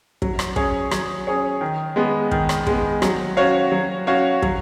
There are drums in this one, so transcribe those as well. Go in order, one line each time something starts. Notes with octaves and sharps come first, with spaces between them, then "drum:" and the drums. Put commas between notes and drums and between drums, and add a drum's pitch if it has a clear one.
F#3, drum: kick
drum: rim click
C#4 G#4 C#5, drum: kick
F#3, drum: rim click
C#4 G#4 C#5
D#3
G#3 B3
D#3, drum: kick
drum: rim click
G#3 B3, drum: kick
F#3, drum: rim click
C#4 F#4 C#5 F5
F#3
C#4 F#4 C#5 F5
F#3, drum: kick